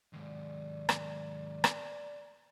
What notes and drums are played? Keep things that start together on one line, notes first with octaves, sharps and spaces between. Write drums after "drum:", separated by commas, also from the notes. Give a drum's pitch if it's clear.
D#2 G#2 D5
drum: rim click
drum: rim click